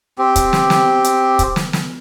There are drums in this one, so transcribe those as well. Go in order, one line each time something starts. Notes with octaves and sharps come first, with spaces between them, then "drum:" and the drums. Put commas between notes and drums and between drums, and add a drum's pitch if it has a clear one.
C4 G4
drum: kick, hi-hat
drum: snare
drum: snare
drum: hi-hat
drum: kick, hi-hat
drum: snare
drum: snare